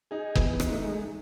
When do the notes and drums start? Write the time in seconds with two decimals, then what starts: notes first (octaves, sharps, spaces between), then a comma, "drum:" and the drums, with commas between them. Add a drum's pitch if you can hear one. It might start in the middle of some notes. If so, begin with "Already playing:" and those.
0.11 D#4 G#4
0.35 E3 B3, drum: kick F#1
0.60 D#4, drum: rim click
0.72 A3
0.84 G#3